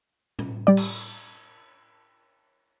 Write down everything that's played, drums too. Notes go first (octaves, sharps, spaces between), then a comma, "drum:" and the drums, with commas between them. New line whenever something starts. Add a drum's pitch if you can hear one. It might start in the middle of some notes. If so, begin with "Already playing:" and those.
drum: tom
G3 D5
drum: cymbal